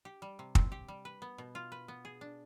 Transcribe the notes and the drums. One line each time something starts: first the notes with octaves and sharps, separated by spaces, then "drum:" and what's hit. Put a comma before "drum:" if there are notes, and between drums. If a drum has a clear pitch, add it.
G4
G3
C3
C4, drum: kick
G4
G3
B4
B3
B2
F4
B4
B3
G#4
D4